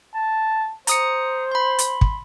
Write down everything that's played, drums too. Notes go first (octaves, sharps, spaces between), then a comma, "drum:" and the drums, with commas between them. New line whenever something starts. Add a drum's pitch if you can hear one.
A5
C5 A#5 D#6 C#7, drum: hi-hat
B5 C6
drum: hi-hat
drum: kick